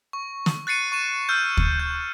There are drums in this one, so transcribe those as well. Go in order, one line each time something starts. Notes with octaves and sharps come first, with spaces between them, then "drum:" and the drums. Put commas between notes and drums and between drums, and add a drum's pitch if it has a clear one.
C#6
drum: snare
F#6 A6 C7 C#7 D#7
C#6 D#7 E7
E6 F6 G6
drum: kick
G6